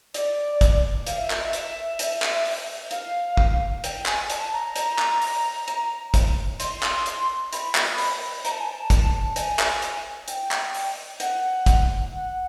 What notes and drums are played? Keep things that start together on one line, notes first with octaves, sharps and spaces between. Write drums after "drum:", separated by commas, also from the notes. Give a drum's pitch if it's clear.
D5, drum: hi-hat
drum: kick, hi-hat
F5, drum: hi-hat
E5
D#5, drum: clap
E5
drum: hi-hat
drum: hi-hat
drum: clap
drum: open hi-hat
F5, drum: hi-hat
drum: kick
G5, drum: hi-hat
G#5, drum: clap
A5, drum: hi-hat
A#5
drum: hi-hat
drum: clap
drum: open hi-hat
drum: hi-hat
drum: kick, hi-hat
C6, drum: hi-hat
drum: clap
drum: hi-hat
B5, drum: hi-hat
drum: clap
drum: open hi-hat
A#5, drum: hi-hat
A5
G#5
A5
drum: kick, hi-hat
G#5, drum: hi-hat
drum: clap
drum: hi-hat
G5, drum: hi-hat
drum: clap
drum: open hi-hat
F#5, drum: hi-hat
drum: kick, hi-hat
F#5